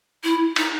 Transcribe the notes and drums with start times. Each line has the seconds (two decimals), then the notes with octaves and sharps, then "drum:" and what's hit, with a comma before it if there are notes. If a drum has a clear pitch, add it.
0.23 E4
0.56 D#4, drum: cymbal